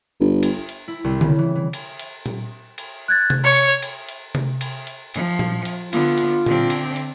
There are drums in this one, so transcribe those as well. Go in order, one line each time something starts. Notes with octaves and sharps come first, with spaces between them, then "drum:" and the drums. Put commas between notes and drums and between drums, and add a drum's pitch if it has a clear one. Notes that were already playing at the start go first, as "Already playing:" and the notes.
G1
drum: cymbal
drum: cymbal
E4
C2
C#3, drum: tom D3
E3
E3
drum: cymbal
drum: cymbal
drum: tom A#2
drum: cymbal
F#6 G#6 A6
drum: tom C3
C#5 C#7
drum: cymbal
drum: cymbal
drum: cymbal
drum: tom C3
drum: cymbal
drum: cymbal
F3, drum: cymbal
drum: tom A#2
drum: cymbal
D3 B3 F4, drum: cymbal
drum: cymbal
D3 C4, drum: tom A#2
drum: cymbal
drum: cymbal